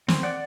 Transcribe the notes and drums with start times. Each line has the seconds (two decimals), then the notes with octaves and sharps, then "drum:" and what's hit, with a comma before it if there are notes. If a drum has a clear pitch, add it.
0.08 C4, drum: snare
0.23 D5 F#5